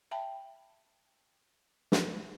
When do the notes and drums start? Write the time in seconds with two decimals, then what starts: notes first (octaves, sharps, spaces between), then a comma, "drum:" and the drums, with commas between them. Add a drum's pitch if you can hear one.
0.11 E5 G5 A5 B5
1.92 drum: snare